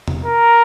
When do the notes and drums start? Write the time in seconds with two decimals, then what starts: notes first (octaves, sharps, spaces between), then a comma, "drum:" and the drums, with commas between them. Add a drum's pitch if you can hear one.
0.08 drum: tom E2
0.25 A#4